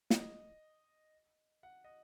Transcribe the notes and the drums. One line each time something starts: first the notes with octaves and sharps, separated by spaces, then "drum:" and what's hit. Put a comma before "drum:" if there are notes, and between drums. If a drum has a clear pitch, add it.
D#5, drum: snare
F#5
D#5